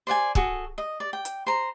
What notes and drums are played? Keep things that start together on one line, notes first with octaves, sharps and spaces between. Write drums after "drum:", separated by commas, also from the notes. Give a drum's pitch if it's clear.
C5 D5 F#5 G#5
F#4 G#4 A4, drum: kick
D#5
D5
G5
drum: hi-hat
C5 A#5